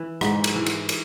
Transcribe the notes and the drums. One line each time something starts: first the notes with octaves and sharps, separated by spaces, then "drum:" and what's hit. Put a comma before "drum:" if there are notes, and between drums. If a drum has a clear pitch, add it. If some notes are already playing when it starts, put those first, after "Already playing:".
Already playing: E3
G#2, drum: rim click
drum: cymbal
E3
drum: cymbal
drum: cymbal